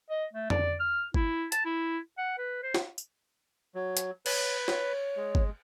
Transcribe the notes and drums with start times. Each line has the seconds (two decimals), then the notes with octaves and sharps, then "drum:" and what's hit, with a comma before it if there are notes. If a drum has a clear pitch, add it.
0.10 D#5
0.33 A3
0.50 D5, drum: tom F2
0.80 F6
1.14 E4, drum: kick G1
1.52 A5, drum: hi-hat
1.65 E4
2.18 F#5
2.38 B4
2.63 C5
2.74 drum: snare
2.98 drum: tambourine
3.75 F#3
3.97 drum: hi-hat
4.26 B4 C#5, drum: cymbal
4.68 C#5, drum: snare
5.17 G#3
5.35 drum: kick G1